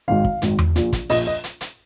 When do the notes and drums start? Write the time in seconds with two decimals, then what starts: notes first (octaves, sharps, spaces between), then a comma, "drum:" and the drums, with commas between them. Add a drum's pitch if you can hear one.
0.08 G#1 G#2 D#3 F5
0.25 drum: kick
0.42 G#1 G#2 D#3, drum: hi-hat
0.59 drum: tom E2
0.76 A#1 A#2, drum: hi-hat
0.93 drum: kick, hi-hat
1.09 A#1 A#2 D#5, drum: open hi-hat
1.27 D#5
1.44 drum: hi-hat
1.61 drum: hi-hat